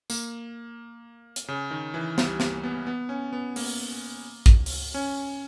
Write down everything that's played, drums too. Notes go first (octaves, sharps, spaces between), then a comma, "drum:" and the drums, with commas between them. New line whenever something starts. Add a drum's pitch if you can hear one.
A#3, drum: tambourine
drum: hi-hat
C#3
D#3
E3
G3, drum: snare
A#3, drum: snare
B3
B3
C#4
B3
A#3, drum: open hi-hat
drum: kick
drum: open hi-hat
C#4